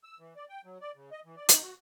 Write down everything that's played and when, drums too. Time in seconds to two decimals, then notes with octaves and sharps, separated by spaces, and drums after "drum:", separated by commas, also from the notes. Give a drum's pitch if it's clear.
0.03 E6
0.19 E3
0.36 D5
0.49 G5
0.65 F#3
0.81 D5
0.96 C#3
1.12 D#5
1.25 E3
1.37 D5
1.49 D#4, drum: hi-hat
1.62 F#4